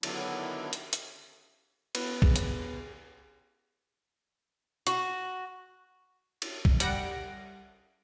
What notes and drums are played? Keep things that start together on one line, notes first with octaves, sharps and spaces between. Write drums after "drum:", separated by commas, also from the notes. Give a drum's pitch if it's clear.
D3 D#3 F#3 B3 D4 E4, drum: cymbal
drum: hi-hat
drum: hi-hat
B3 B4, drum: cymbal
G#4, drum: kick
drum: hi-hat
F#4, drum: hi-hat
drum: cymbal
drum: kick
G3 F#5 A#6 D7, drum: hi-hat